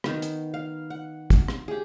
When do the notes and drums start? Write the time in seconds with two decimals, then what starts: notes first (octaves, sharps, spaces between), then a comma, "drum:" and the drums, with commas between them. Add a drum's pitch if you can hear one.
0.04 D#3 B3, drum: rim click
0.22 drum: hi-hat
0.54 F5
0.90 F#5
1.30 drum: kick, hi-hat
1.48 drum: rim click
1.68 G4 G#4